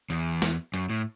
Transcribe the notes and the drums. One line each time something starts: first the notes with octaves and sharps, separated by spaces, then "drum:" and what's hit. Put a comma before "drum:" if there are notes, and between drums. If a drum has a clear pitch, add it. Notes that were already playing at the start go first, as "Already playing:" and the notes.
E2, drum: hi-hat
drum: snare
F#2, drum: hi-hat
A2